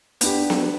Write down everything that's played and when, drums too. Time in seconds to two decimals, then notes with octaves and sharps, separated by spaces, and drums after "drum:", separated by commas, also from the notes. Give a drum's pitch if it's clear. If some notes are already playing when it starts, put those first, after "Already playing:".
0.21 B3 D4 G4, drum: hi-hat
0.50 drum: snare B3